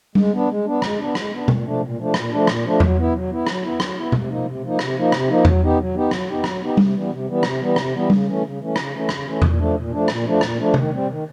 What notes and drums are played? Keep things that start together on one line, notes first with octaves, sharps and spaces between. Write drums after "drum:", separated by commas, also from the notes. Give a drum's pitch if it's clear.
G#3, drum: tom G3
B3 D4
G#3
B3 D4
G#3, drum: rim click
B3 D4
G#3, drum: rim click
B3 D4
A#2, drum: tom B2
F3 A3 D4
A#2
F3 A3 D4
A#2, drum: rim click
F3 A3 D4
A#2, drum: rim click
F3 A3 D4
F#3, drum: tom E2
B3 E4
F#3
B3 E4
F#3, drum: rim click
B3 E4
F#3, drum: rim click
B3 E4
C3, drum: tom B2
F3 A#3 D#4
C3
F3 A#3 D#4
C3, drum: rim click
F3 A#3 D#4
C3, drum: rim click
F3 A#3 D#4
F#3, drum: tom E2
B3 D#4 G4
F#3
B3 D#4 G4
F#3, drum: rim click
B3 D#4 G4
F#3, drum: rim click
B3 D#4 G4
C3, drum: tom G3
E3 G3 B3
C3
E3 G3 B3
C3, drum: rim click
E3 G3 B3
C3, drum: rim click
E3 G3 B3
C#3, drum: tom G3
E3 A3 C#4
C#3
E3 A3 C#4
C#3, drum: rim click
E3 A3 C#4
C#3, drum: rim click
E3 A3 C#4
A#2, drum: tom E2
F3 A3 D4
A#2
F3 A3 D4
A#2, drum: rim click
F3 A3 D4
A#2, drum: rim click
F3 A3 D4
D#3, drum: tom C3
G3 C4
D#3